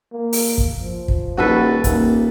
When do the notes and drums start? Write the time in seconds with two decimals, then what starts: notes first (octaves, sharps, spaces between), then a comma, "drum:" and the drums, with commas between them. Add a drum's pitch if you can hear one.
0.12 A#3
0.33 drum: open hi-hat
0.58 drum: kick
0.79 F3
1.08 drum: kick
1.37 D#1 F#4 A4 B4
1.84 D#1 A#3, drum: kick, hi-hat